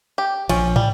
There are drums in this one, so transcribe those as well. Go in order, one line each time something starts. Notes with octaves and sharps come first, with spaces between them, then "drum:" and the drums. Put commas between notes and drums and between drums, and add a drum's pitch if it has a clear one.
G4
A#1 F3 C#4, drum: cymbal
G3, drum: tom